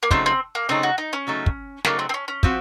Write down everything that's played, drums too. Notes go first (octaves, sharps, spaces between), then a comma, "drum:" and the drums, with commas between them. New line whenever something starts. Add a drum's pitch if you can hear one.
A#3
C#3 F#3 A3 C4 D#4, drum: kick
C4
A#3
C#3 F#3 A3 C4 D#4
F#4
D#4
C#4
C#3 F#3 A3 D#4
drum: kick
C#3 F#3 A3 A#3 D#4, drum: snare
C4
C4
C#4
C#4
F3 C4 F#4, drum: kick